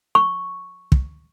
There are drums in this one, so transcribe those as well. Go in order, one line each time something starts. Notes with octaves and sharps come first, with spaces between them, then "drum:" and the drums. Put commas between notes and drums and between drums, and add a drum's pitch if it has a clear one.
C#6
drum: kick